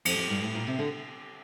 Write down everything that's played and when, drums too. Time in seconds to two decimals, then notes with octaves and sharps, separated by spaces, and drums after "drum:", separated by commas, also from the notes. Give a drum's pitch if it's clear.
0.05 F2, drum: cymbal
0.18 F2
0.30 G2
0.42 A2
0.55 A#2
0.67 C3
0.79 D3